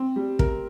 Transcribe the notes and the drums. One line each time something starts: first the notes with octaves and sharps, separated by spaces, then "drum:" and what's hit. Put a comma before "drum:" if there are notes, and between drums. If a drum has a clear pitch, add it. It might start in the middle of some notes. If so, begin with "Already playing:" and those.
Already playing: C4
G3
A#4, drum: kick